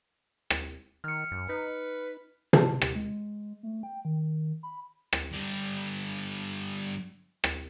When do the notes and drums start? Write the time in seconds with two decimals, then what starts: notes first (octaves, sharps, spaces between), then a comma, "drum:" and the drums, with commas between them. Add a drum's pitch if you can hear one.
0.50 drum: rim click
1.04 D#3 F6 C#7
1.31 F#2
1.49 D#4 B4
2.53 A5, drum: tom
2.82 G4, drum: rim click
2.95 G#3
3.63 A3
3.83 G5
4.05 D#3
4.63 B5
5.13 drum: rim click
5.33 G2 D3
7.44 drum: rim click